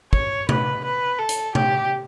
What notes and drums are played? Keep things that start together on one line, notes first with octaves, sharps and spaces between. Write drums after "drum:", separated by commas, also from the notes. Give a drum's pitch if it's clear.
C#5, drum: kick
B4, drum: tom C3
B4
A4
drum: hi-hat
G4, drum: tom C3